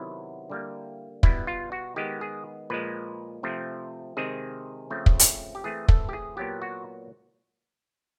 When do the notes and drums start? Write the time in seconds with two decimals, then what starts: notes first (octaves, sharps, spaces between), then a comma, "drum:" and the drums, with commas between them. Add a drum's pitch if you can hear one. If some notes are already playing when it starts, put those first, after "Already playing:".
Already playing: C3 D#3 F#3 B3 E4
0.50 D3 G3 A#3
1.23 B2 G3 B3 E4, drum: kick
1.47 F4
1.72 F#4
1.96 D#3 G#3 B3 G4
2.21 G#4
2.70 A#2 F3 G#3 B4
3.43 C3 F3 A3 C4
4.17 C3 D#3 G#3 C4 G#4
4.90 C#3 F3 A3 C4
5.06 drum: kick
5.19 drum: hi-hat
5.55 G4
5.64 E3 A3 C4 G#4
5.88 A4, drum: kick
6.09 G4
6.13 G#4
6.37 A#2 F#3 B3 G4
6.62 F#4